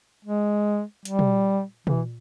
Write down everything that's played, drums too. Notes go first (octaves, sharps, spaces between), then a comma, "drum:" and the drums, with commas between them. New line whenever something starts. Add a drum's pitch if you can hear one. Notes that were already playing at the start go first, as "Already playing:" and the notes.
G#3
G3, drum: hi-hat
drum: tom
E3, drum: tom